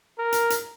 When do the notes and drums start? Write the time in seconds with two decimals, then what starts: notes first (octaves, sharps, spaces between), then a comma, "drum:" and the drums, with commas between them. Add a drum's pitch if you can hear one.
0.19 A#4
0.32 drum: hi-hat
0.50 drum: hi-hat